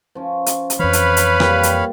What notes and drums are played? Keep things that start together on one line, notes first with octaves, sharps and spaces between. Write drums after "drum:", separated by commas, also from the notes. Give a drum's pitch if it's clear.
F3 C#4
drum: hi-hat
drum: hi-hat
F2 E3 B4 C#5 F5 B5
drum: hi-hat
drum: hi-hat
A#2 G3, drum: rim click
drum: hi-hat